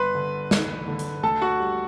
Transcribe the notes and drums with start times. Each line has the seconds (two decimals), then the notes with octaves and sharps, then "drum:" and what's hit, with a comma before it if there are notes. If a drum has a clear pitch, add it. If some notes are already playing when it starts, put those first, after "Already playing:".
Already playing: G1 B4 B5 C6
0.15 D3
0.51 F#1, drum: snare
0.88 D3
0.99 drum: hi-hat
1.23 D2 A4 A5
1.41 F#4 F#5
1.59 G3